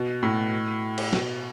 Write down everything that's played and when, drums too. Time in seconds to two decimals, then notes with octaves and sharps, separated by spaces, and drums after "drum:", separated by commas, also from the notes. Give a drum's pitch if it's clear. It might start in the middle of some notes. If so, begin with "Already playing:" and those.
Already playing: B2
0.23 A2
0.98 drum: cymbal
1.13 B2, drum: snare